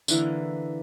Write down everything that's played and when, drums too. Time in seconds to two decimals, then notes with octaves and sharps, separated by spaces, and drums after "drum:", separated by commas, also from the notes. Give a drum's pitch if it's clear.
0.08 D3 E3 A#3, drum: tambourine